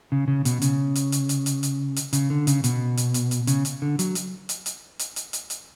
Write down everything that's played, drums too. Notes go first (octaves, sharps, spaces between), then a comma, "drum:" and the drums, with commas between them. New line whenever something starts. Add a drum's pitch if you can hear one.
C#3
C#3
B2, drum: hi-hat
C#3, drum: hi-hat
drum: hi-hat
drum: hi-hat
drum: hi-hat
drum: hi-hat
drum: hi-hat
drum: hi-hat
C#3, drum: hi-hat
D3
C#3, drum: hi-hat
B2, drum: hi-hat
drum: hi-hat
drum: hi-hat
drum: hi-hat
C#3, drum: hi-hat
drum: hi-hat
D3
F#3, drum: hi-hat
drum: hi-hat
drum: hi-hat
drum: hi-hat
drum: hi-hat
drum: hi-hat
drum: hi-hat
drum: hi-hat